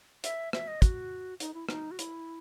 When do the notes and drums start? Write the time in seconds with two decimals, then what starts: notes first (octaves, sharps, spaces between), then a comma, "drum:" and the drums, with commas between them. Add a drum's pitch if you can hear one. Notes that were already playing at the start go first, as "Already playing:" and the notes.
0.24 E5, drum: hi-hat
0.53 E5, drum: rim click
0.68 D#5
0.82 F#4, drum: kick, hi-hat
1.40 D#4, drum: hi-hat
1.54 E4
1.69 D#4, drum: rim click
1.91 F#4
1.99 E4, drum: hi-hat